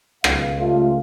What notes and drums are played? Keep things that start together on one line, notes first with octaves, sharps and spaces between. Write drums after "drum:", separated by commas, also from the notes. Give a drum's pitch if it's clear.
C#2 F5, drum: rim click
G3 A3 F4